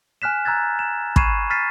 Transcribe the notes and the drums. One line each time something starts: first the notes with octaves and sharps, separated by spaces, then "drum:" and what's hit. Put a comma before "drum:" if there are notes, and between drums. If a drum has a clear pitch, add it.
G#5 F6 F#6 B6 E7
A#5 E6 F#6 G#6 A6
E7
B5 C#6 G#6 C7 D#7 E7, drum: kick
F6 A6 B6 C7 D#7